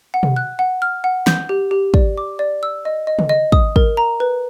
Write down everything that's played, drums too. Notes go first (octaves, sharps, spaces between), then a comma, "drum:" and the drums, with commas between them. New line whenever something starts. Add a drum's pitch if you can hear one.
F#5
drum: tom B2
F#6
F#5
F6
F#5
G6, drum: snare
G4
G4
D5, drum: kick
D6
D5
E6
D#5
D#5
drum: tom C#3
D#5
D#6, drum: kick
A#4, drum: kick
A#5
B4